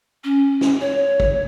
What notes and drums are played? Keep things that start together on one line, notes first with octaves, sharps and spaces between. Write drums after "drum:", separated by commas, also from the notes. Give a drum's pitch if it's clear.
C#4
drum: snare
C#5
drum: kick